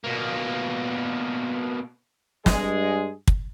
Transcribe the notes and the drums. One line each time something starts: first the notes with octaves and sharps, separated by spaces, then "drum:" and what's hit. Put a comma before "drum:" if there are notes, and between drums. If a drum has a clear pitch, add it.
B2 A#3
G2 G#3 G#4, drum: snare
drum: kick